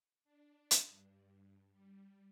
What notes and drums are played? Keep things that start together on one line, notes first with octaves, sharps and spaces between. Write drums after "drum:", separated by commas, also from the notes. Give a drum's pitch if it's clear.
D4
drum: hi-hat
G2
G3